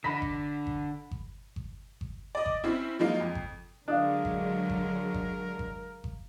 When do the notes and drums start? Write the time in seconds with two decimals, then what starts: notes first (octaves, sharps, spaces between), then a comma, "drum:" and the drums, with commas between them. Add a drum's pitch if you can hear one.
0.04 D3 B5 A#6 B6
0.22 drum: kick G1
0.67 drum: kick G1
1.11 drum: kick G1
1.56 drum: kick G1
2.01 drum: kick G1
2.35 D5 D#5
2.46 drum: kick G1
2.64 C4 C#4 E4
2.99 F3 F#3 G#3 A#3 D#4 F4
3.20 F2
3.35 drum: kick G1
3.88 D3 F#3 G#3 D4 A#4 F5 D#6 F#6
4.25 drum: kick G1
4.70 drum: kick G1
5.14 drum: kick G1
5.59 drum: kick G1
6.04 drum: kick G1